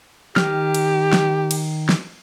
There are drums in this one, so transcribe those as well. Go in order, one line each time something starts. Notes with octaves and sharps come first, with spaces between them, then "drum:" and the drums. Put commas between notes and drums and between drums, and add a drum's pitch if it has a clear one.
D#3 G4 F6, drum: snare
drum: cymbal
drum: snare
drum: cymbal
drum: snare